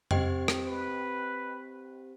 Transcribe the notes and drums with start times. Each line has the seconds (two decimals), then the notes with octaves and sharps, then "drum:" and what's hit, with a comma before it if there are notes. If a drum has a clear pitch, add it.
0.11 C4 G4 C5 D#5 G5, drum: tom F2
0.48 drum: rim click
0.67 B4